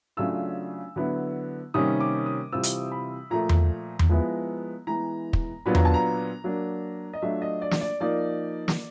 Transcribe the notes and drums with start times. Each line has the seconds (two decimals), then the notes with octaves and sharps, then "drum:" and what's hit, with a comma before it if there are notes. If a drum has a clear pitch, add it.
0.17 C#3 F#3 A3 D4 F4 E6
0.96 D3 F#3 B3 E4
1.74 C3 D#3 G3 A#3 C#4 D#6
2.00 D6
2.26 D#6
2.52 C3 E3 G3 C4 F4 E6
2.63 drum: hi-hat
2.92 B5
3.30 A#2 F3 A3 A#5
3.49 drum: tom E2
3.99 drum: tom E2
4.09 F3 G#3 B3 E4
4.87 E3 G#3 B3 A#5
5.33 drum: kick
5.66 A#2 F#3 B3 D4 F4 B5
5.75 A#5, drum: tom E2
5.85 A5
5.94 A#5
6.44 F#3 A#3 D4
7.13 D#5
7.22 F#3 A3 D4 F4 E5
7.42 D#5
7.62 D5
7.71 drum: snare
7.81 D5
8.00 F3 A#3 D#4 D5
8.68 drum: snare